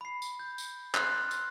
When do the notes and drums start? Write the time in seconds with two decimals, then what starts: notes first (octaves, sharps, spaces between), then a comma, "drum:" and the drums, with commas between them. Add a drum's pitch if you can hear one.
0.01 B5 C7
0.22 drum: tambourine
0.39 G6
0.58 drum: tambourine
0.95 C6 F6 F#6 G#6 A6 C7, drum: clap
1.31 drum: tambourine